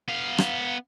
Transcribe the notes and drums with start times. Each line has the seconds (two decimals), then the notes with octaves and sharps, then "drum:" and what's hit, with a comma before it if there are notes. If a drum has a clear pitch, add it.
0.08 B3 F5
0.38 drum: rim click